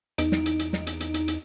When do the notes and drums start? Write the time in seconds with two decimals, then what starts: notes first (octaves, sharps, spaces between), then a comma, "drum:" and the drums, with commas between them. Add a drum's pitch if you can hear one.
0.18 E2 D#4 D7, drum: hi-hat
0.32 drum: snare
0.46 drum: hi-hat
0.59 drum: hi-hat
0.73 drum: snare
0.87 drum: hi-hat
1.00 drum: hi-hat
1.14 drum: hi-hat
1.28 drum: hi-hat